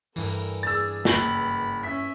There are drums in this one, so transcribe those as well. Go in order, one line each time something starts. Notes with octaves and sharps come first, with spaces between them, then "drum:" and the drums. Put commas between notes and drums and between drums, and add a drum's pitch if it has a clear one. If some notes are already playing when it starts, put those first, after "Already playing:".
G2 E3 A4 A#4, drum: open hi-hat
D4 G#4 E6 A6
F#1 B5 F#7, drum: snare
C#4 E5 B6